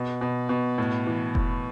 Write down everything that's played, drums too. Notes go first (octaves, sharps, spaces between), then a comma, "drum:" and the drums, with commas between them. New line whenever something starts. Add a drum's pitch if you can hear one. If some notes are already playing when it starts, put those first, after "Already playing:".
Already playing: B2
B2
B2
A2
E3
A2, drum: kick F1